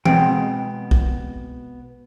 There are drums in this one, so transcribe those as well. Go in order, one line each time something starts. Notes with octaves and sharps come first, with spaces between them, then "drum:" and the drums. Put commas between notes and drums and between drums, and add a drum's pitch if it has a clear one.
B2 G#3 B3 C4 G5, drum: tom
drum: kick